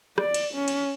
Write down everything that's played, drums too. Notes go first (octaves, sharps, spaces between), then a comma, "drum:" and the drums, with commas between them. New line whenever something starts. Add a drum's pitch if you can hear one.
D5, drum: rim click
drum: cymbal
C#4
drum: cymbal